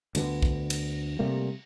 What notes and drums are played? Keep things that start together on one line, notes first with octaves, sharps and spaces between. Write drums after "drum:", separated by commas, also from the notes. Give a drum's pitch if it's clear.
D2 D3 G#3 B3, drum: cymbal
drum: kick
drum: cymbal
C3 G3 A3 A#3